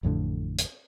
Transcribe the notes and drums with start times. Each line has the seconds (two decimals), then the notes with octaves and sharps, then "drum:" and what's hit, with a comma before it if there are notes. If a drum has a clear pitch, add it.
0.03 A1 F2 A2 D3
0.59 drum: hi-hat